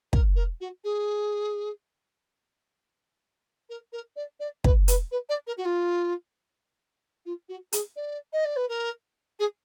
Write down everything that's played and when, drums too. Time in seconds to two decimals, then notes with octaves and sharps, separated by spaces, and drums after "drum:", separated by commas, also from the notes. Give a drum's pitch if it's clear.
0.13 A#4, drum: kick
0.36 A#4
0.61 F#4
0.84 G#4
3.70 A#4
3.93 A#4
4.16 D5
4.40 D5
4.64 B4, drum: kick
4.88 B4, drum: hi-hat
5.12 B4
5.29 D5
5.47 A#4
5.58 F#4
5.65 F4
7.26 F4
7.49 F#4
7.73 G#4, drum: hi-hat
7.96 D5
8.33 D#5
8.45 D5
8.56 B4
8.69 A#4
9.40 G#4